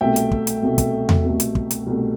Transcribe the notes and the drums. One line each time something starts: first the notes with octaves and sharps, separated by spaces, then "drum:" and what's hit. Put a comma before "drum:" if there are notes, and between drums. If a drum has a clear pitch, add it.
C2 B2 A3 E5 G5
drum: hi-hat
drum: kick
drum: hi-hat
C2 B2 A3
drum: kick, hi-hat
drum: tom E2
C2 B2 A3
drum: hi-hat
drum: kick
drum: hi-hat
C2 B2 A3